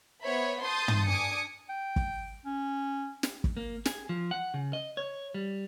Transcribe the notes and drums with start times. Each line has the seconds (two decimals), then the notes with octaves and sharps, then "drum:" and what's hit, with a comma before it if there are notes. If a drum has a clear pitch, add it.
0.23 B3 C5 C#5 E5 B5
0.62 A5 C6 D#6 G6 A6
0.88 drum: tom
1.06 D4 G#5 D6 D#6 C#7
1.70 G5
1.96 drum: kick
2.46 C#4
3.23 drum: snare
3.44 drum: kick
3.57 A#3
3.85 G#4, drum: snare
4.09 F3
4.31 F#5
4.54 C#3
4.73 D#5
4.97 C#5
5.34 G3